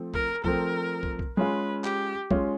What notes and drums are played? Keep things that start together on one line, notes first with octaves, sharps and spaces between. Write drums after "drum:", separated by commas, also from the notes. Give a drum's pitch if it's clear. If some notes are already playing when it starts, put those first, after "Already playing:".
Already playing: F3 A3 C4
A#4, drum: kick
F3 A3 C4 A#4, drum: kick
drum: kick
drum: kick
G#3 C#4 F4 B4
G4, drum: clap
G#3 C#4 F4, drum: kick